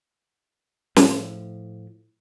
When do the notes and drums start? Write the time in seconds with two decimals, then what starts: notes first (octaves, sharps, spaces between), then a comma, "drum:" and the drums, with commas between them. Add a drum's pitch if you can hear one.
0.96 A2 F3, drum: snare